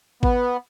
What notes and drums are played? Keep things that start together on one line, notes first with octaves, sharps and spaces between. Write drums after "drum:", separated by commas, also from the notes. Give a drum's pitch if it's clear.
B3, drum: kick G#1